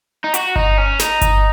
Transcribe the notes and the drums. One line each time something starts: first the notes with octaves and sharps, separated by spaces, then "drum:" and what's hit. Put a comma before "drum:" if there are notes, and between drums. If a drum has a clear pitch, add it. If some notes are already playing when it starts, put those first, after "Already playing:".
D#4
F#4, drum: hi-hat
D#4, drum: kick G1
C#4
D#4, drum: snare
drum: kick G1, hi-hat